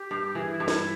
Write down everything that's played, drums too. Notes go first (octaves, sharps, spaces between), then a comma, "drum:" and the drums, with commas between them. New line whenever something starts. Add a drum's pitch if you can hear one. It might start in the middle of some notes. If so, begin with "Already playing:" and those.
Already playing: G4
G2
E3 G#4
E4
G2
E4, drum: snare